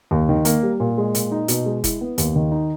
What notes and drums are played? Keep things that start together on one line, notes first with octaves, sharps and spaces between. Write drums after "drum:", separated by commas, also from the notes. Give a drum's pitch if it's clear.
D#2
D#3
A#3, drum: hi-hat
G3
A#2
G#3
A#2, drum: hi-hat
D#4
B2, drum: hi-hat
G#3
E4, drum: kick F1, hi-hat
B3
D#2, drum: hi-hat
D#3
D#4